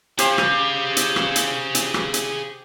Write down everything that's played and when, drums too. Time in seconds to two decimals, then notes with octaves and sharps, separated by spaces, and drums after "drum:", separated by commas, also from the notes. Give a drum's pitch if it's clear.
0.19 G4 G#4 C5 F5, drum: hi-hat
0.38 drum: rim click
0.97 drum: hi-hat
1.16 drum: rim click
1.36 drum: hi-hat
1.75 drum: hi-hat
1.94 drum: rim click
2.14 drum: hi-hat